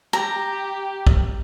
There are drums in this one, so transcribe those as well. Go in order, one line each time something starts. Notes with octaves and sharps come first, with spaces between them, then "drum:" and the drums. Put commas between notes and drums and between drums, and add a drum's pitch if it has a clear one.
G4 A#5
drum: kick